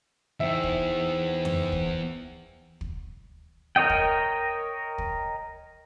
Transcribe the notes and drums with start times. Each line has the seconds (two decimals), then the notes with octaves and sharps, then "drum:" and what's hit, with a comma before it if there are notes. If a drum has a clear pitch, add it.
0.40 E2 D#4 C5 E5 G5
0.63 drum: kick
1.45 drum: tom F2
1.72 drum: kick
2.81 drum: kick
3.76 A#4 C#5 D#5 G5
3.90 drum: kick
4.98 drum: kick